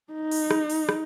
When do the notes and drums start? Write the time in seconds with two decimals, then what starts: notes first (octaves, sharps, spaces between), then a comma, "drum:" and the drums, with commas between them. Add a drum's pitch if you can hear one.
0.13 D#4
0.32 drum: open hi-hat
0.51 drum: rim click
0.70 drum: open hi-hat
0.89 drum: rim click